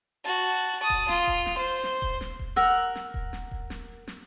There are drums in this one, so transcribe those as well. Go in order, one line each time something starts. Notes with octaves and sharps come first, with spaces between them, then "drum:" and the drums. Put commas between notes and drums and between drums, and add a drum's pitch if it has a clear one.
F#4 A5
A5 D#6
drum: kick D#1
F4, drum: snare
drum: kick D#1
drum: snare
C5
drum: snare
drum: kick D#1
drum: snare
drum: kick D#1
A#4 F#5 E6, drum: snare
drum: snare
drum: kick D#1
drum: snare
drum: kick D#1
drum: snare
drum: snare